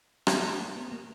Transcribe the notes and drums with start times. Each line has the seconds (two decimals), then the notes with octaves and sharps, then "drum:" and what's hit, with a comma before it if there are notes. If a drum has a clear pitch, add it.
0.27 drum: rim click
0.44 A3
0.60 A#3
0.76 B3
0.92 A#3